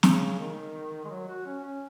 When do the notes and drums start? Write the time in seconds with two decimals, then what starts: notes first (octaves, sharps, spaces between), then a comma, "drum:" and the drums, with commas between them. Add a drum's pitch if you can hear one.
0.03 C#3, drum: snare
0.39 D#3
1.05 G#3
1.10 F#3
1.28 F#4
1.46 C#4
1.64 C#4